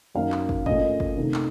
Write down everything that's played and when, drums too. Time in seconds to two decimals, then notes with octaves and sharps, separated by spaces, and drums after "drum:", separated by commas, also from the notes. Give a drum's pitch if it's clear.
0.15 F#2 D#3 A#3 F5
0.32 drum: clap
0.49 drum: kick
0.66 A#2 A3 C#4 D#5, drum: kick
1.00 drum: kick
1.17 C3 D#3 A3
1.34 drum: clap